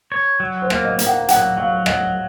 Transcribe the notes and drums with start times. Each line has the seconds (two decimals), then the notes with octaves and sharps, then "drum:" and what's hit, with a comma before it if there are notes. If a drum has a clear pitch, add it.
0.12 C#5
0.40 F#3
0.62 C5
0.70 A#3, drum: rim click
0.85 D#5
0.99 A#3, drum: hi-hat
1.07 F#5
1.28 F#3 F#5, drum: hi-hat
1.57 F#3 F5
1.86 F#3 D#5, drum: rim click